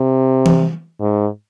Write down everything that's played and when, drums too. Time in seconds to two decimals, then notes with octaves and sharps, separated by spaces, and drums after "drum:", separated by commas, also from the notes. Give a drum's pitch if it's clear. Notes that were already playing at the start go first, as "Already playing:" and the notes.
Already playing: C3
0.46 drum: tom E3
1.00 G#2